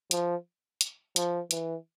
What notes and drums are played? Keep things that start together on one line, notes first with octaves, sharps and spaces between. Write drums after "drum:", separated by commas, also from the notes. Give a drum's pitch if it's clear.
F3, drum: hi-hat
drum: hi-hat
F3, drum: hi-hat
E3, drum: hi-hat